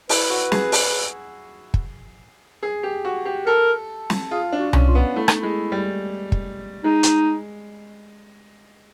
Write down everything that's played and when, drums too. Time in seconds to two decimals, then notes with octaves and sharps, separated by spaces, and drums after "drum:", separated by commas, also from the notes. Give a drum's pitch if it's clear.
0.09 E4 B4, drum: open hi-hat
0.30 F#4
0.52 G#4, drum: snare
0.72 G#4, drum: open hi-hat
1.74 drum: kick
2.63 G#4
2.83 G4
3.05 F#4
3.25 G4
3.47 A4 A#4
4.10 drum: snare
4.31 F4 G#4
4.52 D4
4.60 F#4
4.73 C#4, drum: tom C2
4.88 F4
4.95 B3
5.16 A3 E4
5.28 D#4, drum: rim click
5.41 G#3 E4
5.72 G3
6.32 drum: kick
6.84 G#3 D#4
7.03 drum: hi-hat